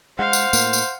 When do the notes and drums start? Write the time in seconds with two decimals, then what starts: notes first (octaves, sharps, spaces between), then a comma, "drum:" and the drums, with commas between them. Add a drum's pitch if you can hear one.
0.19 G#3 C5 F5 F#5
0.33 drum: tambourine
0.53 A2 A#3, drum: tambourine
0.73 drum: tambourine